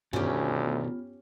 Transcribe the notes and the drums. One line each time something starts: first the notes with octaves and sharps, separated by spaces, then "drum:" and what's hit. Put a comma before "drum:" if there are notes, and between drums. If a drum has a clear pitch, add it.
D2 B2 D#3 B3 C#4 F4 G4, drum: tom G2